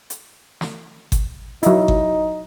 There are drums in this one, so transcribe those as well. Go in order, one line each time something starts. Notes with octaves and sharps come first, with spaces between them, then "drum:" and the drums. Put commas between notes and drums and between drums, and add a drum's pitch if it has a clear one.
drum: hi-hat
drum: snare
drum: kick G1, hi-hat
F#3 D#4 E4, drum: hi-hat
drum: kick G1